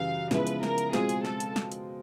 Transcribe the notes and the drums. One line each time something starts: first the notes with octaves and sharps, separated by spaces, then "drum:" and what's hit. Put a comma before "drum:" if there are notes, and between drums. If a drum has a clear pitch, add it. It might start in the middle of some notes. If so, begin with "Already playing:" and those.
Already playing: F#2 C#3 E3 G3 F5
C#3 F3 G#3 B3 E4 B4, drum: snare
drum: hi-hat
A#4, drum: snare
drum: hi-hat
B2 G#3 C4 F4 G#4, drum: snare
drum: hi-hat
A4, drum: snare
drum: hi-hat
drum: snare
drum: hi-hat